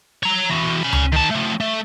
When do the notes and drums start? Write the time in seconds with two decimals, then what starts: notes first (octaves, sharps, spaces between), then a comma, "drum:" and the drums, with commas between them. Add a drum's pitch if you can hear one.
0.23 C#5 A#5
0.49 E3 F#4
0.83 C#4 B5
0.93 drum: tom C#2
1.12 D#3 A5
1.31 A3 C4
1.61 A3